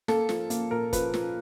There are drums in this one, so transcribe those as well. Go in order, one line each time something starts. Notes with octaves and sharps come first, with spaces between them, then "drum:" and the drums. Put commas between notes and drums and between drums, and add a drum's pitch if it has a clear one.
A#3 A4, drum: snare
F3, drum: snare
A#3, drum: hi-hat
A#2 A#4
F3 B4, drum: kick, hi-hat
F3, drum: snare